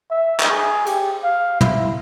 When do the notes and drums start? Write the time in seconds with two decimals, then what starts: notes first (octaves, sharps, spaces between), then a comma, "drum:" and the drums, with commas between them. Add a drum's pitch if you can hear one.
0.11 E5
0.40 drum: clap
0.50 G#4
0.86 G4, drum: cymbal
1.24 F5
1.61 E4, drum: tom